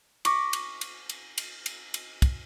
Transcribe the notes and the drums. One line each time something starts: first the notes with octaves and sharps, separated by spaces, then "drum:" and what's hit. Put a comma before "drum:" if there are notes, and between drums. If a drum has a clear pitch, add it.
C#6 D6 A#6 B6, drum: cymbal
drum: cymbal
drum: cymbal
drum: cymbal
drum: cymbal
drum: cymbal
drum: cymbal
drum: kick, cymbal